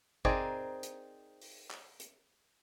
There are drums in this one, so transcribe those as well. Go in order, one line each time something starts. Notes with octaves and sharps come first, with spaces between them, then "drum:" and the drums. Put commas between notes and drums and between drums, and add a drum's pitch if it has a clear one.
C4 D#4 G#4 A#4 D5, drum: kick G1
drum: hi-hat
drum: open hi-hat
drum: clap
drum: hi-hat